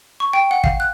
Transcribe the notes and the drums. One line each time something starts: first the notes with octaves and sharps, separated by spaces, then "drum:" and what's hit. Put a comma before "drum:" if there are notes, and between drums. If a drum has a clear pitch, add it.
C#6
G5
F#5
F5, drum: kick
F#6